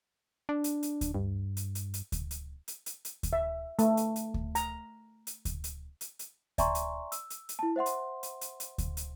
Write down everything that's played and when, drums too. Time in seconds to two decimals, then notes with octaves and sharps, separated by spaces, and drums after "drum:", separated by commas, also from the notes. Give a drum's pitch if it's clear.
0.49 D4
0.64 drum: hi-hat
0.83 drum: hi-hat
1.01 drum: kick D2, hi-hat
1.14 G2
1.57 drum: hi-hat
1.75 drum: hi-hat
1.94 drum: hi-hat
2.12 drum: kick D2, hi-hat
2.31 drum: hi-hat
2.68 drum: hi-hat
2.86 drum: hi-hat
3.05 drum: hi-hat
3.23 drum: kick D2, hi-hat
3.33 E5
3.79 A3, drum: hi-hat
3.97 drum: hi-hat
4.16 drum: hi-hat
4.34 drum: kick D2
4.55 A#5, drum: hi-hat
5.27 drum: hi-hat
5.45 drum: kick D2, hi-hat
5.64 drum: hi-hat
6.01 drum: hi-hat
6.19 drum: hi-hat
6.58 D5 E5 G#5 A#5 C6 C#6, drum: kick D2, hi-hat
6.75 drum: hi-hat
7.12 E6, drum: hi-hat
7.30 drum: hi-hat
7.49 drum: hi-hat
7.59 E4 A5
7.76 C5 E5 F#5 C6
7.86 drum: hi-hat
8.23 drum: hi-hat
8.41 drum: hi-hat
8.60 drum: hi-hat
8.78 drum: kick D2, hi-hat
8.97 drum: hi-hat